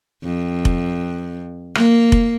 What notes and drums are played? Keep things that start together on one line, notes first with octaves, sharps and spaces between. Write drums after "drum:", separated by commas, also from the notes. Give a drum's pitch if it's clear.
F2
drum: kick F1
A#3, drum: rim click
drum: kick F1